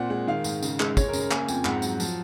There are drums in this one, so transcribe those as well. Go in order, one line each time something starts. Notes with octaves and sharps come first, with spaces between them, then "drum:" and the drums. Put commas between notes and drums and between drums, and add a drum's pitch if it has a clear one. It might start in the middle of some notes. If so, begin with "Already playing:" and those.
Already playing: A#2 C4 F#5
G#3 F#5
D#3 F5
G#2, drum: tambourine
C#3, drum: tambourine
G#3, drum: clap
G#3 C#5, drum: kick, tambourine
A#4
C#3, drum: tambourine
A#4
A#3 G#5, drum: clap
F2 G#5, drum: tambourine
G#2 F#5, drum: clap
F#3, drum: tambourine
F3, drum: tambourine